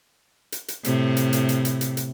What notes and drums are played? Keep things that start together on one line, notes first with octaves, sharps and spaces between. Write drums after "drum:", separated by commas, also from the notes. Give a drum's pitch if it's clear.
drum: hi-hat
drum: hi-hat
A2 C3, drum: hi-hat
drum: hi-hat
drum: hi-hat
drum: hi-hat
drum: hi-hat
drum: hi-hat
drum: hi-hat